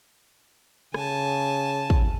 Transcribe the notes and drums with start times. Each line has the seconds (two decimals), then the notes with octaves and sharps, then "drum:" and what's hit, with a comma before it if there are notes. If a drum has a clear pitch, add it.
0.94 C#3 G#5 A5, drum: rim click
1.90 drum: kick